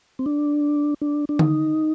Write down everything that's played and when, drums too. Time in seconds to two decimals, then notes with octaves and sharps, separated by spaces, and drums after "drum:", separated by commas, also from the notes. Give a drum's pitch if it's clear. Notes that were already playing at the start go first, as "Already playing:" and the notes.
0.19 C4
0.26 D4
1.01 D4
1.29 D4
1.39 D#4, drum: tom D3